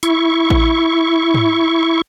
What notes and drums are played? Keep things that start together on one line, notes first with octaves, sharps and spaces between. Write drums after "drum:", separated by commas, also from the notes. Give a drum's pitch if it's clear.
E4 C#6, drum: hi-hat
drum: kick A1
drum: tom G#2